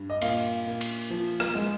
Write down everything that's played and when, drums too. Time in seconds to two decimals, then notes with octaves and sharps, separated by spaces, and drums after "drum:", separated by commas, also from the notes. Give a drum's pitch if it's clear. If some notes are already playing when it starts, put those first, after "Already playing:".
Already playing: G2
0.10 D#5
0.21 A#2 F5, drum: cymbal
0.66 A#2
0.81 drum: cymbal
1.10 F3
1.40 drum: rim click
1.55 G#3